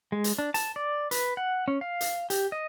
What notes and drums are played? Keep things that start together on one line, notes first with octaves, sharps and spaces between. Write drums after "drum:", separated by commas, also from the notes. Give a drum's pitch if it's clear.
G#3
drum: hi-hat
D4
A5, drum: hi-hat
D5
B4, drum: hi-hat
F#5
C#4
F5
drum: hi-hat
G4, drum: hi-hat
D#5